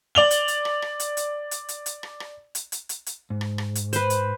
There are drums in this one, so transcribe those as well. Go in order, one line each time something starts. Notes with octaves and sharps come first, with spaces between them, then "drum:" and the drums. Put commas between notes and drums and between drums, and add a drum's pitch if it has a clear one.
D5 F7 G7
drum: hi-hat
drum: hi-hat
drum: rim click
drum: rim click
drum: hi-hat
drum: hi-hat
drum: hi-hat
drum: hi-hat
drum: hi-hat
drum: rim click
drum: rim click
drum: hi-hat
drum: hi-hat
drum: hi-hat
drum: hi-hat
G#2
drum: rim click
drum: rim click
drum: hi-hat
B4 C5, drum: hi-hat
drum: hi-hat